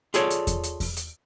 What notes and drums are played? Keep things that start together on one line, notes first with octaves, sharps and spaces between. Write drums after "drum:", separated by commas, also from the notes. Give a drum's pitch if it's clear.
F4 G#4 A4 C#5 D5, drum: hi-hat
drum: hi-hat
drum: kick E2, hi-hat
drum: hi-hat
drum: kick E2, open hi-hat
drum: hi-hat